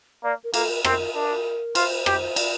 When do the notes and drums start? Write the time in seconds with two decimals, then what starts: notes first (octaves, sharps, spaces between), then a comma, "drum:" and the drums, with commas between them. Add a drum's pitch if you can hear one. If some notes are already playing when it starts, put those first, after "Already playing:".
0.23 A#3 D5
0.44 A#4
0.54 A#3 A4, drum: cymbal
0.69 A#4
0.85 C4 A#4, drum: rim click
1.14 D4 A#4
1.75 F4 C5, drum: cymbal
2.06 G4, drum: rim click
2.36 D5, drum: cymbal